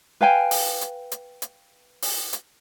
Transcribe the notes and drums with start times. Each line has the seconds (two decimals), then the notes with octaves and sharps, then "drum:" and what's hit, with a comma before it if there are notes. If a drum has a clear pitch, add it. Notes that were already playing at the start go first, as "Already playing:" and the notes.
0.21 B4 F5 G5 G#5
0.51 drum: open hi-hat
0.81 drum: hi-hat
1.12 drum: hi-hat
1.42 drum: hi-hat
2.02 drum: open hi-hat
2.33 drum: hi-hat